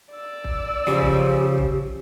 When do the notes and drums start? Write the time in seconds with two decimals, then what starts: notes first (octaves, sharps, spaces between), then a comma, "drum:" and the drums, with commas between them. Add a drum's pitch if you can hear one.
0.12 D5 E6
0.44 drum: kick
0.87 C#3 F3 G4
1.01 drum: kick
1.58 drum: kick